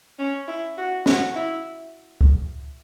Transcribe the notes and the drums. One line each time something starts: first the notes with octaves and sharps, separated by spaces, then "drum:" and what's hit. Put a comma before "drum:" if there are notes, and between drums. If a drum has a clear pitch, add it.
C#4
E4
F#4
F#4, drum: snare
E4
drum: kick C#2